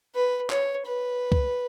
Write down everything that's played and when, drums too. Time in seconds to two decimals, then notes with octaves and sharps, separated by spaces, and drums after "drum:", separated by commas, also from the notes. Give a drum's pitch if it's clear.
0.15 B4
0.50 C#5, drum: clap
0.86 B4
1.32 drum: kick C#2